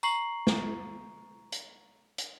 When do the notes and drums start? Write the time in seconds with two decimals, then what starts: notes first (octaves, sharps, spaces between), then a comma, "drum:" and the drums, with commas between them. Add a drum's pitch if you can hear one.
0.03 A#5 C#6 C7 F#7, drum: tambourine
0.47 drum: snare
1.52 drum: hi-hat
2.18 drum: hi-hat